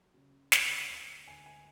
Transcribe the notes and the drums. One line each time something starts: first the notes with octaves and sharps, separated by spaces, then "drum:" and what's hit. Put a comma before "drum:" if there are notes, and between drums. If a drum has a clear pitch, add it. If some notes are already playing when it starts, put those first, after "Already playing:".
Already playing: F#3
C#3
D2, drum: snare
D2
D2 G#5
G#5